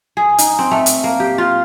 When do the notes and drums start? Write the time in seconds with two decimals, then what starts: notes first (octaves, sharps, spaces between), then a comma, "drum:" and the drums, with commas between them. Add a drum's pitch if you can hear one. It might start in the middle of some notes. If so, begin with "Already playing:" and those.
0.17 G#4
0.38 D#4, drum: hi-hat
0.59 C4
0.71 A3
0.86 drum: hi-hat
1.04 A#3
1.20 G4
1.38 F4